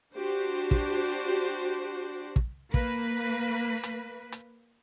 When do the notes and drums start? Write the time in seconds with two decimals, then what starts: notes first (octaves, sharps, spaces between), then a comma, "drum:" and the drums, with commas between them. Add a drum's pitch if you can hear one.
0.16 D4 F#4 G4 C5
0.71 drum: kick
2.36 drum: kick
2.74 A#3 B4, drum: kick
3.84 drum: hi-hat
4.32 drum: hi-hat